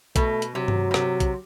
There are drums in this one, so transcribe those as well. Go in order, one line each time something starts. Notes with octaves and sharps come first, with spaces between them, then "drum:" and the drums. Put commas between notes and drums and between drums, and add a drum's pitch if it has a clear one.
B2 A3, drum: kick A#1, hi-hat
drum: hi-hat
C3 F#3
drum: tom G2
B2
C3, drum: rim click
drum: kick A#1, hi-hat